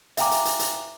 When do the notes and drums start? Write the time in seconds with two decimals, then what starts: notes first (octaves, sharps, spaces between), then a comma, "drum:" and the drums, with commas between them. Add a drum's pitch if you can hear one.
0.17 E5 F5 G5 G#5 A#5 D6, drum: hi-hat
0.31 drum: hi-hat
0.45 drum: hi-hat
0.59 drum: hi-hat